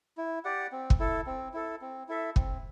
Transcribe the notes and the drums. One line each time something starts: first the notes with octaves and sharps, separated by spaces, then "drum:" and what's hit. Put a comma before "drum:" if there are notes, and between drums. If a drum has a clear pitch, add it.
E4
G4 D5 F#5
C4
drum: kick
E4 A4
C4
E4 A4
C4
E4 A4 E5
C4, drum: kick